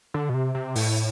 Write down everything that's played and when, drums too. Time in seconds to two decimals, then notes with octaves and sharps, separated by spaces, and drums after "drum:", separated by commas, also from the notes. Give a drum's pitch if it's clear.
0.14 D3
0.29 B2
0.34 C3
0.55 C3
0.75 A2, drum: open hi-hat